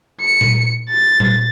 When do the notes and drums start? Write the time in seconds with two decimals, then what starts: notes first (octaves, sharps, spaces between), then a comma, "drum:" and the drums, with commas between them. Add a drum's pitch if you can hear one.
0.21 C#7
0.41 drum: tom A#2
0.89 A6
1.20 drum: tom A#2